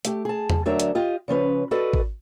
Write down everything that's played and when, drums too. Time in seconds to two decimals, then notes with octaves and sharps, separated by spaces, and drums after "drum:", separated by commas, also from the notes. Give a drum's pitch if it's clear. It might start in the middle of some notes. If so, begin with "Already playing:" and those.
0.05 A3 G4, drum: hi-hat
0.25 G#4 A5
0.50 drum: tom E2
0.66 D2 F#3 D4 A#4 C#5 E5
0.80 drum: hi-hat
0.95 F4 G4 D#5
1.28 C#3 F3 C#4 B4
1.71 F#4 A4 B4 D5 D#5
1.93 drum: kick